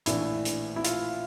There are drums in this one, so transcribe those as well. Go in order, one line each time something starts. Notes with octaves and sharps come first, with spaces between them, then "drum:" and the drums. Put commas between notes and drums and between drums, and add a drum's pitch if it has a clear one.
A#1 A2 E3 A3 D4 E4, drum: hi-hat
drum: hi-hat
E4
F4, drum: hi-hat